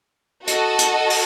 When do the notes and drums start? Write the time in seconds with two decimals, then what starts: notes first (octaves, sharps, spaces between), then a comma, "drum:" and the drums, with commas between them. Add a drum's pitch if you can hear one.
0.47 F#4 A4 D#5 A5, drum: hi-hat
0.79 drum: hi-hat
1.10 drum: open hi-hat